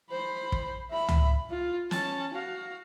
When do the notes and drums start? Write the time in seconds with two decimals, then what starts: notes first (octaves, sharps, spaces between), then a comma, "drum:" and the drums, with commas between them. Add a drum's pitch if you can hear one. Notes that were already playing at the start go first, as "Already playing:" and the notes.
0.10 C5 B5
0.52 drum: kick
0.91 E5 B5
1.08 drum: tom C#2
1.50 F4
1.91 C#4 A5, drum: snare
2.34 F#4 F5